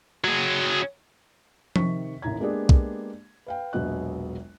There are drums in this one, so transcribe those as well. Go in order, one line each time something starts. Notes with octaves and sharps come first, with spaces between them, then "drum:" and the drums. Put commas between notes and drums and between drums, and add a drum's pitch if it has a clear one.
F#3 G#4
C3 D#3 C#6 B6, drum: tom F3
A1 D#2 A2 A#5 G#6
G#3 A#3 B3 D4 G4 G#4
drum: kick
B4 F5 G5
E1 A#1 F#3 B3 D#5 F#6